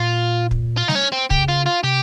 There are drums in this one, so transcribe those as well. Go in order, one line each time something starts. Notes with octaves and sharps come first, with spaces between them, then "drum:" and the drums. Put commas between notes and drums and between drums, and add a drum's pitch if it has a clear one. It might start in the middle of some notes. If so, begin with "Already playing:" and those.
Already playing: A#2 F4
drum: kick
F4
D#4, drum: snare G3
C#4
C4
C#3 G4, drum: kick
F4
F4
C3 G4